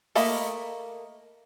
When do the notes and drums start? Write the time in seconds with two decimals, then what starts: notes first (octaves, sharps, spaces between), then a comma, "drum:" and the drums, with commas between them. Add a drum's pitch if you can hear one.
0.15 A3 A#3 D#5 B5, drum: open hi-hat